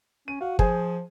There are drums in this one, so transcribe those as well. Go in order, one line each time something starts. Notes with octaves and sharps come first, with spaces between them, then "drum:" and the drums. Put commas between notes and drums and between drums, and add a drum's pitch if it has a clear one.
C#4 D#7
F#4 F5
F3 G#4 C5 G#5, drum: kick